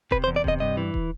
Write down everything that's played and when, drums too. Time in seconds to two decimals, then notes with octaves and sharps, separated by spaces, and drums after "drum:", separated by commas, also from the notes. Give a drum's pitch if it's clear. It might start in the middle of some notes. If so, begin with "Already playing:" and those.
0.11 C3 B4, drum: kick D#1
0.24 C5
0.27 E2
0.36 D5
0.44 C3 D#5, drum: kick D#1
0.60 G2 D#5
0.77 E3
0.94 drum: kick D#1